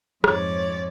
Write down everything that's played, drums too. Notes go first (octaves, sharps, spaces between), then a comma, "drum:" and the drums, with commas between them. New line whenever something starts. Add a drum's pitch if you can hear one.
F2 G#2 C#5 D5, drum: rim click